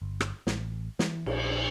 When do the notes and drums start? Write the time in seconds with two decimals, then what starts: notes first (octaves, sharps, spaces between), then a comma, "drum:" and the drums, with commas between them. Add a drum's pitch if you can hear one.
0.02 G1
0.20 drum: rim click
0.47 A1, drum: snare
0.99 E3, drum: snare
1.26 A#1, drum: cymbal